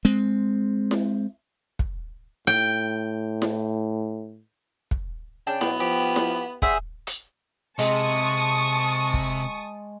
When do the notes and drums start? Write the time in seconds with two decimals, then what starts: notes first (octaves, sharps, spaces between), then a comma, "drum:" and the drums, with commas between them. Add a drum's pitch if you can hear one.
0.05 G#3 C4
0.91 drum: snare E4
1.79 drum: kick
2.47 A2 G5
3.42 drum: snare E4
4.91 drum: kick
5.47 C#3 D4 G5 A5
5.61 B2 F#3 B3, drum: snare E4
5.80 F3 G4
6.16 drum: snare E4
6.62 G3 G#4 C5 E5 F#5, drum: kick
7.07 drum: hi-hat
7.79 C3 G#3 A5 C#6 D#6, drum: hi-hat
9.14 drum: kick